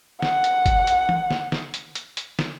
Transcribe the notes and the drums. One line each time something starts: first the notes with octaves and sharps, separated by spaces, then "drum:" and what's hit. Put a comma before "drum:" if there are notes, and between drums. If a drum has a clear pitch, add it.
F#5, drum: snare
drum: hi-hat
drum: kick G1, hi-hat
drum: hi-hat
drum: tom E3
drum: snare
drum: snare
drum: hi-hat
drum: hi-hat
drum: hi-hat
drum: snare